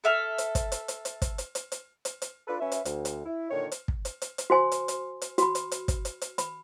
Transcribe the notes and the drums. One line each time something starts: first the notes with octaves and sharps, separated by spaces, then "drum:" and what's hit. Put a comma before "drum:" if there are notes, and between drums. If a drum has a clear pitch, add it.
A4 E5 F6
drum: hi-hat
drum: kick, hi-hat
drum: hi-hat
drum: hi-hat
drum: hi-hat
drum: kick, hi-hat
drum: hi-hat
drum: hi-hat
drum: hi-hat
drum: hi-hat
drum: hi-hat
D4 F4 A4 B4
F#3 C#4 B4 E5
drum: hi-hat
D2, drum: hi-hat
drum: hi-hat
E4
A#2 D3 D#3 C#5
drum: hi-hat
drum: kick
drum: hi-hat
drum: hi-hat
drum: hi-hat
F#4 C5 G#5 C6
drum: hi-hat
drum: hi-hat
drum: hi-hat
F#4 B5, drum: hi-hat
drum: hi-hat
drum: hi-hat
drum: kick, hi-hat
drum: hi-hat
drum: hi-hat
B5, drum: hi-hat